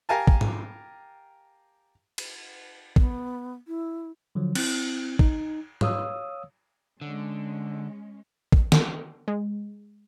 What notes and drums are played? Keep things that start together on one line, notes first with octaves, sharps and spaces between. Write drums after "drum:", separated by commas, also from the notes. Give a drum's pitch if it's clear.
G4 A#4 F5 G#5 A5
drum: kick
drum: tom G#2
drum: cymbal
B3, drum: kick
E4
D3 F3 F#3
C4 E4, drum: cymbal
D#4, drum: kick
C#5 F5 D#6 E6, drum: tom G#2
D3 G#3 C#4
drum: kick
drum: snare
G#3